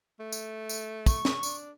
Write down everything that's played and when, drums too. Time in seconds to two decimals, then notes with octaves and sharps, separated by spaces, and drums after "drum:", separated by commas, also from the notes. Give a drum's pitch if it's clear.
0.20 A3
0.32 drum: tambourine
0.69 drum: tambourine
1.06 C#6, drum: kick, tambourine
1.25 drum: snare
1.43 D4, drum: tambourine